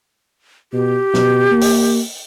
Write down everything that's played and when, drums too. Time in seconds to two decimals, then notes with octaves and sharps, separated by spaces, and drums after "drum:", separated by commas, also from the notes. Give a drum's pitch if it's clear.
0.73 B2 G4
1.14 B2, drum: snare
1.51 A#3
1.61 drum: open hi-hat